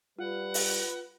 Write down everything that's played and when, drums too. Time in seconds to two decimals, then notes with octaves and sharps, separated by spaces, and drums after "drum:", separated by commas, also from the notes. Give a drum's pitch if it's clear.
0.19 G3 F4 B4 F#5
0.54 drum: open hi-hat